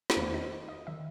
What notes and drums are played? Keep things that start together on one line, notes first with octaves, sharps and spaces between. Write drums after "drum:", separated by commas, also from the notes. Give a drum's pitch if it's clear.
B4, drum: snare
E2 D#3 A3 C5
D#4 D#5
D#5 D#6
D#3 F#3 E5 E6